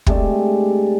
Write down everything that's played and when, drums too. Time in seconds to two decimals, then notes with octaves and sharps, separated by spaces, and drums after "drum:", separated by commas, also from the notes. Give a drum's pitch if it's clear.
0.07 C3 G#3 A3 D4, drum: kick